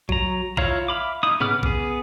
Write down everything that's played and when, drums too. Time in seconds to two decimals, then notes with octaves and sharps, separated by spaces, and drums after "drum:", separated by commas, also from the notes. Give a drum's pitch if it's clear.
0.09 F#3 A#5, drum: kick A#1
0.57 E4 F4 C#5 F5 A#5, drum: kick A#1
0.88 E5 F5 B5 D6
1.23 D#4 E4 D#6
1.40 C#3 B3 B5 D6 F6, drum: tom G#2
1.63 B3 G#4, drum: kick A#1